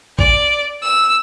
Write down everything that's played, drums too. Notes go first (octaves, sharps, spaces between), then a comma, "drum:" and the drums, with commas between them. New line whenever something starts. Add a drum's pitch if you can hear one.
D5, drum: kick A1
E6